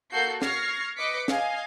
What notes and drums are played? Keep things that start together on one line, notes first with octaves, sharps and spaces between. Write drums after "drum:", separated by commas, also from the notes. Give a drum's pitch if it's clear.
A#3 F#4 A4 G6 C7
C#6 F6 G#6 A#6 C7, drum: snare
B4 D#5 D6 B6 C#7
D#5 F5 G#5 C7, drum: snare